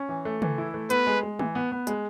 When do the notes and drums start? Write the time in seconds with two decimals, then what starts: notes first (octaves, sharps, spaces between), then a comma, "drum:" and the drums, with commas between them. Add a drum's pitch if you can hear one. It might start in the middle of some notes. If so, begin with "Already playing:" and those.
Already playing: C#4
0.09 E3
0.25 A3
0.42 E3, drum: tom C#3
0.58 E4
0.74 A3
0.90 B3 B4, drum: hi-hat
1.07 G#3
1.23 G#3
1.39 E3, drum: tom G#3
1.55 B3
1.72 B3
1.87 G#3, drum: hi-hat